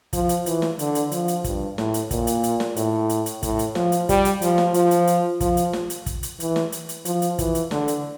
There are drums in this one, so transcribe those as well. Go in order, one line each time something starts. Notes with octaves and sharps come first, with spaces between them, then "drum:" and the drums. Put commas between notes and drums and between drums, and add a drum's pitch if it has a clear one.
F3, drum: kick, hi-hat
drum: hi-hat
E3, drum: hi-hat
drum: snare
D3, drum: hi-hat
drum: hi-hat
F3, drum: hi-hat
drum: hi-hat
G2, drum: kick, hi-hat
A2, drum: snare
drum: hi-hat
A#2, drum: kick, hi-hat
drum: hi-hat
drum: hi-hat
drum: snare
A2, drum: hi-hat
drum: hi-hat
drum: hi-hat
A2, drum: kick, hi-hat
drum: hi-hat
F3, drum: snare
drum: hi-hat
G3, drum: kick, hi-hat
drum: hi-hat
F3, drum: hi-hat
drum: snare
F3, drum: hi-hat
drum: hi-hat
drum: hi-hat
F3, drum: kick, hi-hat
drum: hi-hat
drum: snare
drum: hi-hat
drum: kick, hi-hat
drum: hi-hat
E3, drum: hi-hat
drum: snare
drum: hi-hat
drum: hi-hat
F3, drum: hi-hat
drum: hi-hat
E3, drum: kick, hi-hat
drum: hi-hat
D3, drum: snare
drum: hi-hat